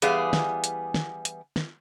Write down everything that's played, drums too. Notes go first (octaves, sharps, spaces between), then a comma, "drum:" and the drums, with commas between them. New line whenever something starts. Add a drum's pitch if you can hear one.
E3 G3 B3 G#4 F5, drum: hi-hat
drum: snare
drum: hi-hat
drum: snare
drum: hi-hat
drum: snare